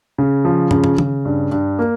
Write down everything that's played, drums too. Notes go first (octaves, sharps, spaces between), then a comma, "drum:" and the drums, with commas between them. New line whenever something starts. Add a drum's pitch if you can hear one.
C#3
F3
C#3, drum: tom
drum: tom
C#3, drum: tom D#3
G2
G2
A#3